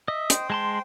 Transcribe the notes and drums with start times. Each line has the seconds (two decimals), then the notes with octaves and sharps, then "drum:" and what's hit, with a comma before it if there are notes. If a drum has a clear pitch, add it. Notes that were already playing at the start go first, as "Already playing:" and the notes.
0.08 D#5 E5
0.30 C5 G5, drum: hi-hat
0.50 G#3 A5 C6